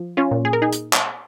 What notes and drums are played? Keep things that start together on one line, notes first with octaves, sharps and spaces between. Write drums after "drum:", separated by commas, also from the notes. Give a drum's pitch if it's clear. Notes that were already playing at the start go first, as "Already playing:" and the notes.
Already playing: F3
C#4 F4
A#2
G#4
A#4
D#4 G#4
drum: hi-hat
drum: clap